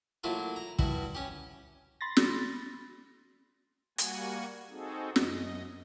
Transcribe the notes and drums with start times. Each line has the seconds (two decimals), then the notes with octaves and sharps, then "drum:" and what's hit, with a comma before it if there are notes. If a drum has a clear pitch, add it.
0.24 F#3 A3 A#3 E4 F4
0.56 A#5
0.79 G2 E4 F#4, drum: kick
1.15 C#4 G4
2.01 B5 C6 A6 A#6
2.17 drum: snare
3.98 G3 A#3 F#4 F#5 G#5, drum: hi-hat
4.70 C4 D#4 F#4 G#4 A4
5.16 F#2 D#5, drum: snare